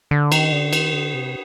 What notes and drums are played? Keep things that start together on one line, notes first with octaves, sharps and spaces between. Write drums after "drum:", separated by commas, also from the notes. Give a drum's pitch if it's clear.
D3
D#3, drum: cymbal
D3
D#3, drum: cymbal
D3
C3